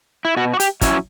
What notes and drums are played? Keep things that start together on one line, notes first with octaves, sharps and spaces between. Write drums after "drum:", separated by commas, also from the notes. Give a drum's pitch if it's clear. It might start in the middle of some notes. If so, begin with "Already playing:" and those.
E4
B2 F#4
F#4
G4, drum: hi-hat
F#3 C#4 E4, drum: kick, hi-hat